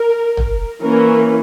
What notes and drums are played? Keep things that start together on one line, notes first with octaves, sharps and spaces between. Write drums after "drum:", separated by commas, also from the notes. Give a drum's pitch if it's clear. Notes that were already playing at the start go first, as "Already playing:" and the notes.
Already playing: A#4
drum: tom
E3 A#3 C#4 A#4